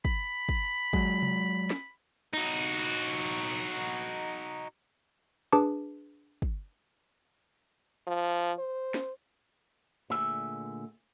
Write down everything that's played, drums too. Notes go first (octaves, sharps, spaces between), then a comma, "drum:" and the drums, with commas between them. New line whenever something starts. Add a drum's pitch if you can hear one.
B5, drum: kick
drum: kick
F#3 G#3, drum: kick
drum: tom C3
drum: snare
D#4 F#4, drum: cymbal
drum: open hi-hat
D4 G#4 B4 A5 D6
drum: kick
F3
C5
drum: snare
A#2 D3 A3 G#4 E5, drum: open hi-hat